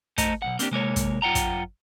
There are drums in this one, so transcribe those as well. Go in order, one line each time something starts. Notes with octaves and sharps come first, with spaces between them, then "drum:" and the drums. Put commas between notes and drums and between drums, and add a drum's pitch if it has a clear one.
A3 C5 D#5 A#5, drum: kick, hi-hat
B1 F#2 F#5
A#3 C4 D4 G4, drum: hi-hat
C3 G#3 A#3 C#5
drum: kick, hi-hat
F#2 F4 F#5 G5 A#5
drum: kick, hi-hat